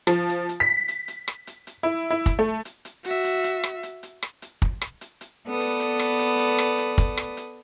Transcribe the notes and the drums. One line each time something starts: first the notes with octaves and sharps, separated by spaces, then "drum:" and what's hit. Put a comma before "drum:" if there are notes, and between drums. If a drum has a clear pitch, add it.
F3, drum: rim click
drum: hi-hat
drum: hi-hat
B6
drum: hi-hat
drum: hi-hat
drum: rim click
drum: hi-hat
drum: hi-hat
E4
E4
drum: kick, hi-hat
A3
drum: hi-hat
drum: hi-hat
F#4 E5, drum: hi-hat
drum: hi-hat
drum: hi-hat
drum: rim click
drum: hi-hat
drum: hi-hat
drum: rim click
drum: hi-hat
drum: kick
drum: rim click
drum: hi-hat
drum: hi-hat
B3 A4 B4 D5 D#6
drum: hi-hat
drum: hi-hat
drum: rim click
drum: hi-hat
drum: hi-hat
drum: rim click
drum: hi-hat
drum: kick, hi-hat
drum: rim click
drum: hi-hat